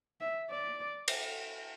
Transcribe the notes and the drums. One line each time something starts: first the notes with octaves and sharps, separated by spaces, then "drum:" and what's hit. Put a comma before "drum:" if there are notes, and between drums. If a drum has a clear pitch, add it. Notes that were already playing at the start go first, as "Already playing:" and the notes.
E5
D5
drum: cymbal